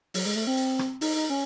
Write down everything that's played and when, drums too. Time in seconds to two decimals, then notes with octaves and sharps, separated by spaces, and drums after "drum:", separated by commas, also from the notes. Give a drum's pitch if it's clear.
0.14 F#3, drum: open hi-hat
0.26 G#3
0.36 A3
0.47 C4
0.58 drum: hi-hat
0.79 drum: rim click
1.01 D#4, drum: open hi-hat
1.15 D#4
1.30 C#4